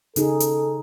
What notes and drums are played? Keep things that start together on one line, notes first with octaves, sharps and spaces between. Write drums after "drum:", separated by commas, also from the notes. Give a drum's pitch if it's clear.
C#3 D#4 G#4 A4, drum: hi-hat
drum: hi-hat